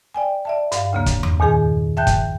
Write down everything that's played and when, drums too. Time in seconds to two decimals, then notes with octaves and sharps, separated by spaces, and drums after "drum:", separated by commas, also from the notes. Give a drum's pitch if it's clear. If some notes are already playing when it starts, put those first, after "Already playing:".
0.14 D5 G5 G#5
0.45 D5 E5 A5
0.72 G2 F5, drum: hi-hat
0.93 D2 C#3 A#3
1.06 drum: kick, hi-hat
1.23 drum: tom E2
1.40 E2 A#2 D#3 G#4 G#5
1.97 E5 G5 A5 F#6 G6
2.07 drum: kick, hi-hat